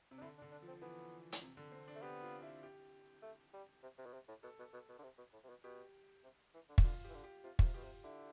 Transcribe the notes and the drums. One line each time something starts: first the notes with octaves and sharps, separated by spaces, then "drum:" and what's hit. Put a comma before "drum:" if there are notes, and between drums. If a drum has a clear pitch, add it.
C3
D4
D3 E4
D4
D3
D4
F3
C4
E3 B3
drum: hi-hat
C3
D3
C4
D4
A3
B3 G4
F4
E4
G4
A3
G3
C3
C3
B2
C3
A2
B2 A4
B2
B2
B2
D3
C3
B2
A2
C3
B2
B2 G4
C3
E3
D3
C3, drum: kick
D3 F4
G4
E3
D3
G4
C3 F4
D3 F4, drum: kick
C3
B2 G4
C3
D3 E4